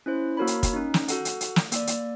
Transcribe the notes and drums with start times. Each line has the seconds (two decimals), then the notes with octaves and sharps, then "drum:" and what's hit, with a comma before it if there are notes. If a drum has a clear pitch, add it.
0.06 C#4 E4 C5
0.37 A#3 F#4 A#4 C#5 B5
0.47 drum: hi-hat
0.63 drum: kick, hi-hat
0.73 C#4 D#4
0.94 drum: snare
1.08 F#4 A4 F#5, drum: hi-hat
1.25 drum: hi-hat
1.41 drum: hi-hat
1.56 drum: snare
1.72 A#3 D5, drum: hi-hat
1.87 drum: hi-hat